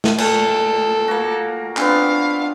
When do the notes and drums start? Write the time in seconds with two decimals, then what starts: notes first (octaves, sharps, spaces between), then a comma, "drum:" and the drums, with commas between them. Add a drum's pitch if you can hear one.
0.04 drum: snare
0.18 A#2 A4, drum: cymbal
1.08 A#3 F#4
1.77 B3 C4 D4 F5, drum: clap